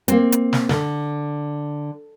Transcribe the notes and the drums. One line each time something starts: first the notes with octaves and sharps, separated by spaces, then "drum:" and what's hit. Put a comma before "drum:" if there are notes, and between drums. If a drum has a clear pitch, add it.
A#3 C4, drum: hi-hat
drum: hi-hat
drum: snare
D3, drum: snare